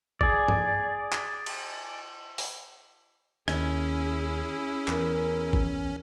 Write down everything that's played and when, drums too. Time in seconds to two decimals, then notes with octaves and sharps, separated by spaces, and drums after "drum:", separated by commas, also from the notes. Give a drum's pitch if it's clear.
0.21 G#4 D5, drum: kick G#1
0.48 drum: tom G2
1.12 drum: clap
1.46 drum: cymbal
2.38 drum: open hi-hat
3.48 D#2 C#4 E4 G#4, drum: rim click
4.88 E2 A#4, drum: clap
5.53 drum: kick G#1